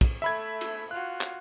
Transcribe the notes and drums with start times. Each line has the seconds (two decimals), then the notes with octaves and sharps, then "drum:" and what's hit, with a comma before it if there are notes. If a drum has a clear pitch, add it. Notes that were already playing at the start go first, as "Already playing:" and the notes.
0.01 drum: kick, cymbal
0.22 A3 E5 B5 G#6
0.61 drum: cymbal
0.91 F4 F#4 F#6
1.21 drum: clap